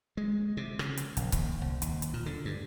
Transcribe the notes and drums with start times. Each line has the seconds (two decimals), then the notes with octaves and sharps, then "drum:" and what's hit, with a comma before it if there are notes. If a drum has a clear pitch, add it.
0.17 G#3
0.57 C3
0.79 C#3, drum: rim click
0.97 drum: hi-hat
1.17 A#1, drum: hi-hat
1.32 D#2, drum: kick C#1, hi-hat
1.61 C2
1.82 D#2, drum: hi-hat
2.02 drum: hi-hat
2.14 A#2
2.26 D3
2.45 G2